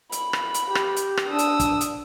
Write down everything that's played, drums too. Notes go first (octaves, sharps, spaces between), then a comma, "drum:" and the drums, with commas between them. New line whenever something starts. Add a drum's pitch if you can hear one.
B5, drum: hi-hat
drum: rim click
drum: hi-hat
G4
drum: rim click
drum: hi-hat
drum: rim click
D4 D#6 E6
drum: hi-hat
drum: kick, hi-hat
drum: hi-hat